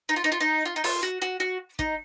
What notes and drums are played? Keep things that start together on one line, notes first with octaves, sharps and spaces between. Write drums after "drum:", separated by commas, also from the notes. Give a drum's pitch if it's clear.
D#4
F4
D#4
F4
D#4
F4
D#4
F4, drum: open hi-hat
F#4
F#4
F#4
D#4, drum: kick